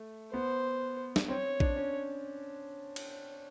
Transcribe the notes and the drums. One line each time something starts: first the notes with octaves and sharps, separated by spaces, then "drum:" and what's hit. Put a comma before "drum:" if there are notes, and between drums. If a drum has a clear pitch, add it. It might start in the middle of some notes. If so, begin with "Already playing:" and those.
Already playing: A3
B3 C5
drum: snare
C4 C#5
D4, drum: kick A#1
C#4
drum: cymbal